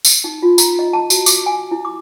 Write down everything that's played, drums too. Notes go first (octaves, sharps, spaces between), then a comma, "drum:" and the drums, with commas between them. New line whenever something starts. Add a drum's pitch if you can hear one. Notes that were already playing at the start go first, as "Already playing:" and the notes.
drum: tambourine
D#4
F4
A#5, drum: tambourine
D#5
A5
F#4, drum: tambourine
D6, drum: tambourine
G#5
E4
D6